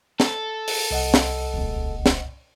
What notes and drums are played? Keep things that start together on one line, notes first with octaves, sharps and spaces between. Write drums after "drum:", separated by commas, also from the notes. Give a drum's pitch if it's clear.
A4, drum: snare
drum: open hi-hat
C2 D#5 F#5
drum: snare
D#1 C#2
drum: snare